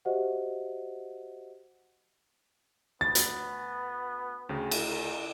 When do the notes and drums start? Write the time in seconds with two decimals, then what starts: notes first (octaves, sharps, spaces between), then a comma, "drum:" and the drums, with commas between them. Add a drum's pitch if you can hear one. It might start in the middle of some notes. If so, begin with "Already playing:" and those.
0.05 F#4 G4 C5 D#5 E5 F#5
3.01 D2 B3 A6
3.15 drum: hi-hat
4.49 D2 C#3 G5
4.71 drum: cymbal